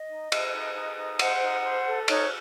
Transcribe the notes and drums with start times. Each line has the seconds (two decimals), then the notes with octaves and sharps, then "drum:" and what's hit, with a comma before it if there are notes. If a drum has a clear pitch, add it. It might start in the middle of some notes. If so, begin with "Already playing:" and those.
Already playing: D#5
0.09 D#4
0.32 D#4, drum: cymbal
0.53 D#4
0.75 D#4
0.97 D#4
1.19 C5 F#5, drum: cymbal
1.41 D#4
1.63 C5
1.86 A4
2.08 D#4 C#5, drum: cymbal